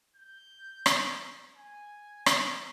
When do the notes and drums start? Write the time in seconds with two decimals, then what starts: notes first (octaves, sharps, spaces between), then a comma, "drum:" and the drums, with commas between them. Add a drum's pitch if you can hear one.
0.17 G6
0.86 drum: rim click
1.56 G#5
2.26 drum: rim click